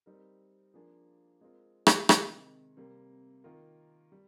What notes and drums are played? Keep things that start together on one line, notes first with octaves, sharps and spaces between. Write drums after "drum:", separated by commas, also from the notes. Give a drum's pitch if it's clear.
G3 C4 D#4 A#4
F3 A#3 D4 G#4
G#3 C4 F4 A#4
drum: rim click
C3 D#3 G#3, drum: rim click
C3 G3 A#3
D#3 A#3 F4 A#4
G3